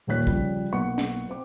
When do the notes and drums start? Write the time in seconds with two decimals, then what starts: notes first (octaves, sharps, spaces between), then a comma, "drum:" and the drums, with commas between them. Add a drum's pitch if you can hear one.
0.07 D#1 A#1 D#2 C#5 F#6 B6
0.27 C#3 F3 G3, drum: kick
0.72 B1 A#3 B3 F#5 C#6 C#7
0.98 drum: snare
1.29 C4 D6